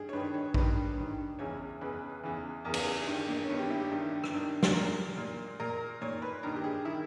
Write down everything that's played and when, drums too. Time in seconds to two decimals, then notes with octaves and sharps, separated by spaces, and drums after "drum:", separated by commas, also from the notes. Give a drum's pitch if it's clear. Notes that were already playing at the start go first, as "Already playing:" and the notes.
Already playing: G2 G#4
0.09 C#5
0.13 G2 D#3 B4
0.34 C#5
0.54 G2 B4, drum: kick A#1
0.60 D#3
0.97 G2 D#3
1.39 E2 C#3 E3 C#5
1.81 E2 C#3 E3 B4
2.23 E2 C#3 E3
2.65 E2 C#3 E3 A#4
2.74 drum: cymbal
2.86 G#4
3.07 G2 D#3 G4
3.28 A#3
3.44 C#4
3.49 G2 D#3 B3
3.59 G4
3.70 E4
3.80 G4
3.91 G2 D#3
4.24 drum: rim click
4.34 G2 D#3
4.63 drum: snare
4.75 A#2 A#4
5.17 A#2
5.60 A#2 A#4
6.02 A#2 C#5
6.22 B4
6.43 G2 D#3 A#4
6.56 G4
6.64 G#4
6.85 D#3 E4